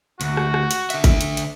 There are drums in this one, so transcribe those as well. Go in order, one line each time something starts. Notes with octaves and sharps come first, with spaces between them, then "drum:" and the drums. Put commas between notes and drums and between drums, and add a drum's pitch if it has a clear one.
D2 F#4, drum: hi-hat
drum: rim click
drum: rim click
drum: hi-hat
D3 E5, drum: hi-hat
drum: kick G#1, hi-hat
drum: hi-hat
drum: hi-hat